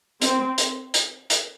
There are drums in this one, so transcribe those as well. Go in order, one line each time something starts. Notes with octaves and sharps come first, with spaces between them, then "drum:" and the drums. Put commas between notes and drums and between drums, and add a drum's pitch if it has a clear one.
C4, drum: hi-hat
drum: hi-hat
drum: hi-hat
drum: hi-hat